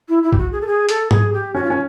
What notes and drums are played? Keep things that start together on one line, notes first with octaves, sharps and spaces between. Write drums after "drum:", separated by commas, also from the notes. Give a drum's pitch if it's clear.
E4
E4
G4, drum: kick A#1
F#4
G#4
A4
G#4
A4, drum: hi-hat
G#4, drum: tom G#2
G4
C#4 F#4
F4
C#4